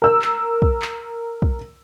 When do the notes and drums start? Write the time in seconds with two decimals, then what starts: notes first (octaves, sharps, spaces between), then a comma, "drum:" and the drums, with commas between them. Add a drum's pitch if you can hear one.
0.02 A#4 E6
0.22 drum: clap
0.62 drum: kick
0.82 drum: clap
1.42 drum: kick